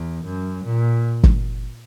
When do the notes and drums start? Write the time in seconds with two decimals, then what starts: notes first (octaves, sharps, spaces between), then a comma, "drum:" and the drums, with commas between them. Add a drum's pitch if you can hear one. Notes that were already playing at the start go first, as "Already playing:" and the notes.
Already playing: E2
0.24 F#2
0.64 A#2
1.24 drum: kick